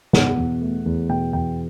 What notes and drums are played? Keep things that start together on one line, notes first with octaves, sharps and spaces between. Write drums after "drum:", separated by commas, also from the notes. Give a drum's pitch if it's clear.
B2 F#5, drum: snare
E2
A3
E2
B2 G5
E2 G5